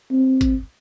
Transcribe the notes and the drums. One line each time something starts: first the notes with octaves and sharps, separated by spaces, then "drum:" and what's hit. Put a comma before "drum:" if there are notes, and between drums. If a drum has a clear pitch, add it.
C4
drum: kick G#1, hi-hat